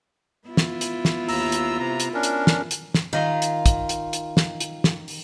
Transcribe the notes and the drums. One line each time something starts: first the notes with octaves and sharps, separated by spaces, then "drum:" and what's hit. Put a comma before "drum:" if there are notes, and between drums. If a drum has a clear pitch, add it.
B3 E4 F4
drum: snare
drum: hi-hat
drum: snare
D#2 A#5 E6, drum: open hi-hat
drum: hi-hat
C3 A#5
drum: hi-hat
C#4 D4 A#4
drum: hi-hat
drum: snare
drum: hi-hat
drum: snare
D#3 F4 D#5 C6
drum: hi-hat
drum: kick, hi-hat
drum: hi-hat
drum: hi-hat
drum: snare
drum: hi-hat
drum: snare
drum: open hi-hat